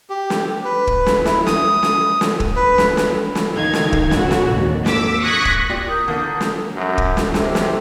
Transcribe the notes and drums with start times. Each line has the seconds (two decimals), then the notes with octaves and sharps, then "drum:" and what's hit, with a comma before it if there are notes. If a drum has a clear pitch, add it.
0.10 G4
0.30 drum: snare
0.65 B4
0.87 drum: kick
1.06 drum: snare
1.25 E4, drum: snare
1.46 D#6, drum: snare
1.83 drum: snare
2.21 drum: snare
2.40 drum: kick
2.56 B4
2.78 drum: snare
2.97 drum: snare
3.35 drum: snare
3.55 C#2 D#3 D#4 F5 G#6
3.73 drum: snare
3.93 drum: kick
4.11 A#2 C#3 F#4, drum: snare
4.31 drum: snare
4.53 G#1 D#2
4.86 A#3 D6 E6 B6, drum: snare
5.21 C#6 D#6 F#6 G#6 A#6 B6
5.45 drum: kick
5.69 A#2 G4 D5
5.88 A#4 D#6 G6
6.08 D3 A#3
6.41 drum: snare
6.75 F#2
6.98 drum: kick
7.17 drum: snare
7.34 C3, drum: snare
7.55 drum: snare